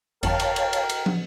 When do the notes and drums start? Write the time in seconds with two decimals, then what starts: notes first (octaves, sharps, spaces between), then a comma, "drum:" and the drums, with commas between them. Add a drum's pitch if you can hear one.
0.23 G1 F2 A#4 C#5 F5 G5 A5, drum: cymbal
0.40 drum: cymbal
0.56 drum: cymbal
0.73 drum: cymbal
0.89 drum: cymbal
1.06 drum: tom